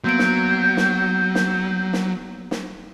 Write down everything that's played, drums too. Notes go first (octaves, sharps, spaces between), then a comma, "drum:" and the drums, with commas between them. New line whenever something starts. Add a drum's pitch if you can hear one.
F#3 A#3 B3 G6 D7
drum: snare
drum: snare
drum: snare
drum: snare
drum: snare